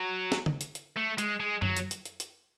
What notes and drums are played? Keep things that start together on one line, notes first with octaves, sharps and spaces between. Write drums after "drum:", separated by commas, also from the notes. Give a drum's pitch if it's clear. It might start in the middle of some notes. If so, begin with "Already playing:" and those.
Already playing: F#3
drum: snare
drum: tom C#3
drum: hi-hat
drum: hi-hat
A3
G#3, drum: hi-hat
G#3
F#3, drum: tom F#2
drum: hi-hat
drum: hi-hat
drum: hi-hat
drum: hi-hat